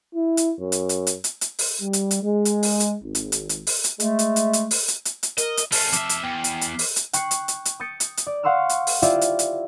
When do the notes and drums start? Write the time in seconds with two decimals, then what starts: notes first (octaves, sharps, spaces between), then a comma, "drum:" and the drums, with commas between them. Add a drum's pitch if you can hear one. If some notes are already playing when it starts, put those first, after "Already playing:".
0.15 E4
0.37 drum: hi-hat
0.60 F#2
0.72 drum: hi-hat
0.89 drum: hi-hat
1.07 drum: hi-hat
1.24 drum: hi-hat
1.41 drum: hi-hat
1.59 drum: open hi-hat
1.80 G3
1.93 drum: hi-hat
2.11 drum: hi-hat
2.21 G#3
2.45 drum: hi-hat
2.63 drum: open hi-hat
2.80 drum: hi-hat
3.02 G#1
3.15 drum: hi-hat
3.32 drum: hi-hat
3.49 drum: hi-hat
3.67 drum: open hi-hat
3.84 drum: hi-hat
4.00 G#3 A3, drum: hi-hat
4.19 drum: hi-hat
4.36 drum: hi-hat
4.53 drum: hi-hat
4.71 drum: open hi-hat
4.88 drum: hi-hat
5.05 drum: hi-hat
5.23 drum: hi-hat
5.38 A#4 D#5, drum: hi-hat
5.57 drum: hi-hat
5.72 A3 C#4 A5 F6 C7, drum: open hi-hat
5.93 F2 E5 D6 B6, drum: hi-hat
6.09 drum: hi-hat
6.23 E2 G5
6.44 drum: hi-hat
6.61 drum: hi-hat
6.79 drum: open hi-hat
6.96 drum: hi-hat
7.13 G5 C#6 F#6 C7 C#7, drum: hi-hat
7.31 drum: hi-hat
7.48 drum: hi-hat
7.65 drum: hi-hat
7.80 D#6 G6 A6 C#7 D7
8.00 drum: hi-hat
8.17 drum: hi-hat
8.27 D5
8.43 F5 F#5 C6 C#6 E6 F6
8.69 drum: hi-hat
8.87 drum: open hi-hat
9.02 E4 F4 G4 C5 D5 E5, drum: hi-hat
9.21 drum: hi-hat
9.39 drum: hi-hat